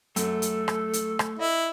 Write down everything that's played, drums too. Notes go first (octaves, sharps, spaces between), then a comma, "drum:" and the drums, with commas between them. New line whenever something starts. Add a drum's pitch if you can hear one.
F#2 A3 A4, drum: hi-hat
drum: hi-hat
drum: rim click
drum: hi-hat
drum: rim click
E4 D#5